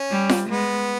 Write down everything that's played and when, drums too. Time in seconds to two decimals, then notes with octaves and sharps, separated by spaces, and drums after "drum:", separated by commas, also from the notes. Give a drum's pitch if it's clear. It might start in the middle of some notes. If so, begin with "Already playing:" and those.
Already playing: C#4
0.11 G3
0.29 drum: snare F4
0.48 G#3 B3